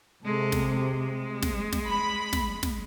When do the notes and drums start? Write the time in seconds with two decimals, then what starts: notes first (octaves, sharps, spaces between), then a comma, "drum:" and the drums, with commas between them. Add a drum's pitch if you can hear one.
0.24 C3 G#3 A4
0.52 drum: snare
0.75 G#3
1.42 drum: snare
1.73 drum: snare
1.88 B5
2.33 drum: snare
2.63 drum: snare